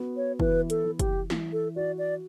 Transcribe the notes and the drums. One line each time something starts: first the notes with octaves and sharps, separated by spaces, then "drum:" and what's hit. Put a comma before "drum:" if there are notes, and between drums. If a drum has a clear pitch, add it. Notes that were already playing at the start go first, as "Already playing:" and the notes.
Already playing: B3 F#4
C#5
E3 B4, drum: kick
A4, drum: hi-hat
E3
G4, drum: kick, hi-hat
E3, drum: snare
A4
F#4 D5
D5